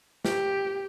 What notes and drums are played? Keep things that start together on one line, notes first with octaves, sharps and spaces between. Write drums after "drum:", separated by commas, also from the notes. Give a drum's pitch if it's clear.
G4, drum: snare